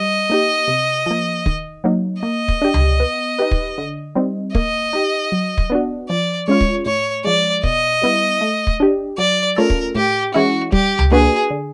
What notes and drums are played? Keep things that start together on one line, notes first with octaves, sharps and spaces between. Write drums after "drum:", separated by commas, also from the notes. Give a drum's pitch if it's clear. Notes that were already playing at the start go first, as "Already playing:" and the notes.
Already playing: G3 D#5
A#3 D#4 G4
C3
F3 A#3
D#3, drum: kick
F#3 A#3 D#4
A#3 D#5
drum: kick
D4 G4
drum: tom C#2
B3
D#4 G4 B4
drum: kick
D3
G3 C4 D#4
A#3 D#5, drum: kick
D#4 G4
F#3
drum: kick
B3 D4 F#4
F3 D5
G#3 C#4 F4 C#5
drum: kick
A2 C#5
F3 G#3 D5
B2 D#5, drum: kick
G3 B3 E4
A3
drum: kick
D4 G4
F#3 D5
A3 C#4 F4 A4 A#4
drum: kick
A2 G4
E3 G#3 C#4 E4 F#4
G3 G4, drum: kick
drum: tom C#2
A#3 D4 F#4 G#4 B4
D3